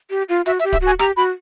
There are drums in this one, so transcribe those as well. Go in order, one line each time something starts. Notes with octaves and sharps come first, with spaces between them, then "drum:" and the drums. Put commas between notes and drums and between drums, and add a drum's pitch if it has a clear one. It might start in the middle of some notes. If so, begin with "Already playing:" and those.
G4
F4
F#4 E5, drum: hi-hat
E5, drum: hi-hat
G4
E5, drum: kick D1, hi-hat
F#4 G#5
G4 A#5, drum: rim click
F#4 B5